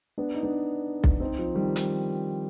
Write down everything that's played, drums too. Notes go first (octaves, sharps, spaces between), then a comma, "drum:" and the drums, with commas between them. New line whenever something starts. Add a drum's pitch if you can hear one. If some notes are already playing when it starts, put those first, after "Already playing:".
B3 D4
D#4
B3 D4
drum: kick B1
C4 D#4
F3
D#3 G3
drum: hi-hat